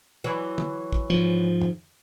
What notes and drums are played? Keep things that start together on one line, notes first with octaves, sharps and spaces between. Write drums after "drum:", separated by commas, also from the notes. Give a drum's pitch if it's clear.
E3 F#3
drum: tom
drum: kick
G#2 F3
drum: tom F2